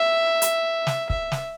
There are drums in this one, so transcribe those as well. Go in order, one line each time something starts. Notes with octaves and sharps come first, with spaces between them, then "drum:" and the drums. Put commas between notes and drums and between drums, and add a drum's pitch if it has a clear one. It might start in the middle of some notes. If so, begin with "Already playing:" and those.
Already playing: E5
drum: hi-hat
drum: snare
E5, drum: kick
drum: snare